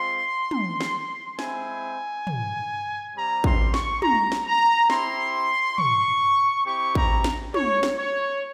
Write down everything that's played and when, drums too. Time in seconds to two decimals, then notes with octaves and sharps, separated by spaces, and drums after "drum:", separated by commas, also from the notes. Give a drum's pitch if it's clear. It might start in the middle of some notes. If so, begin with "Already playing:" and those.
Already playing: G#3 C4 F4 C6
0.51 drum: tom
0.80 drum: snare
1.39 G#3 C4 E4 G#5, drum: snare
2.27 drum: tom
3.15 G3 C4 G4 A#5
3.44 C6, drum: kick
3.74 C#6, drum: snare
4.02 A#5, drum: tom
4.32 drum: snare
4.47 A#5
4.90 C4 E4 G4 C6, drum: snare
5.78 C#6, drum: tom
6.65 C4 E4 G4 C#6
6.95 A#5, drum: kick
7.24 drum: snare
7.54 C#5, drum: tom
7.83 drum: snare
7.98 C#5